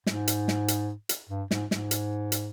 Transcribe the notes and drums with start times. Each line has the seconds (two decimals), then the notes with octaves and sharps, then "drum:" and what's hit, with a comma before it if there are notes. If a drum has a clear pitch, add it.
0.06 G#2, drum: snare
0.27 drum: hi-hat
0.48 drum: snare
0.68 drum: hi-hat
1.09 drum: hi-hat
1.29 G2
1.51 G#2, drum: snare
1.71 G#2, drum: snare
1.91 drum: hi-hat
2.32 drum: hi-hat